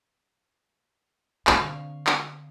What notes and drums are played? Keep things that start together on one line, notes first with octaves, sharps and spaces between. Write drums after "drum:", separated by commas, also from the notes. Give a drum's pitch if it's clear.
D3 C4 F5 C#6, drum: clap
drum: clap